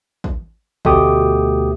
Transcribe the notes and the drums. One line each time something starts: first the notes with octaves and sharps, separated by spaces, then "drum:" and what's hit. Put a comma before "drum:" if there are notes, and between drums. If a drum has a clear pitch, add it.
drum: kick
D2 B2 A3 B3 G4 D#6, drum: kick